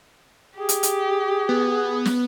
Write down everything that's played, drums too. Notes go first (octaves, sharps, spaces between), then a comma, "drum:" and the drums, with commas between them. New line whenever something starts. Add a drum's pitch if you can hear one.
G4 G#4
drum: hi-hat
drum: hi-hat
B3
drum: snare